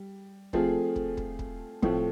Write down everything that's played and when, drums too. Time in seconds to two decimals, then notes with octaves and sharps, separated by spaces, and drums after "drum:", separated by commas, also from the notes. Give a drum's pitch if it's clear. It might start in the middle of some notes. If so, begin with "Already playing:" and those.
Already playing: G3
0.53 F3 A3 C4 F4 G#4, drum: kick
0.96 drum: kick
1.17 drum: kick
1.39 drum: kick
1.82 A2 F3 A3 C4, drum: kick